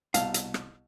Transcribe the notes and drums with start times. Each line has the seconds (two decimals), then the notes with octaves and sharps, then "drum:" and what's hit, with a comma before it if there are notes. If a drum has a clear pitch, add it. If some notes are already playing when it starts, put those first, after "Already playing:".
0.14 C2 B2 F5 A5, drum: hi-hat
0.34 drum: hi-hat
0.54 drum: rim click